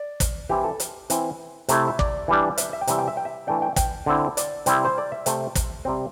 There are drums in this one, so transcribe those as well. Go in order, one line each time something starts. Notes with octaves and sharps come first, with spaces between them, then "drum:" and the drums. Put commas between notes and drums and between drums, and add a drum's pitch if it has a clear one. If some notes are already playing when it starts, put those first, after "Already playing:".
Already playing: D5
drum: kick, hi-hat
E3 C4 E4 G4
A4
drum: hi-hat
E3 C4 E4, drum: hi-hat
C3 A3 E4, drum: hi-hat
E5
D5, drum: kick
E3 G3 D4
E5, drum: hi-hat
E5
G5
C3 E3 G3 E5, drum: hi-hat
G5
E5
G5
E5
E3 A3 D4 G5
G5
G5, drum: kick, hi-hat
D3 C4 E4
D5, drum: hi-hat
C3 G3 C4 E4, drum: hi-hat
C5
D5
E5
C3 A3 C4 G5, drum: hi-hat
drum: kick, hi-hat
C3 G3 C4